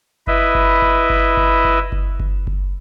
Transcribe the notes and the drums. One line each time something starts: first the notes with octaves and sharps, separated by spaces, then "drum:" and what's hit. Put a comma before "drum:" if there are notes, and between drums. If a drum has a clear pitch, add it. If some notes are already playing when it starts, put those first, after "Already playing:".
E4 B4 D#5 E5, drum: kick F#1
drum: kick F#1
drum: kick F#1
drum: kick F#1
drum: kick F#1
drum: kick F#1
drum: kick F#1
drum: kick F#1
drum: kick F#1